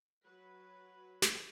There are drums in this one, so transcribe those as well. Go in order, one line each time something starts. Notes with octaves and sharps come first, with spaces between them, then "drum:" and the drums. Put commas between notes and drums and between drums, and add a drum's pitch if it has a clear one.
F#3 B4
drum: snare